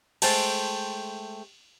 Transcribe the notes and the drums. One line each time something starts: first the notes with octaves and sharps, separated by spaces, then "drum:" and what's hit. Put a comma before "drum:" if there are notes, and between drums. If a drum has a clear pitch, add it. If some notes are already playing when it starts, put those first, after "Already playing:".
G#3 A3 C5 G5 A5, drum: cymbal